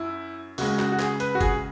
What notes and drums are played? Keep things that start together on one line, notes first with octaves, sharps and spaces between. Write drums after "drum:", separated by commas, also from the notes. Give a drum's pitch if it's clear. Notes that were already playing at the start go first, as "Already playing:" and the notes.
Already playing: F#2 E4
C#2 C#3 G#3 F#4, drum: open hi-hat
F#4, drum: clap
F#4
G#4, drum: clap
B4, drum: hi-hat
F#4
G#4, drum: kick, hi-hat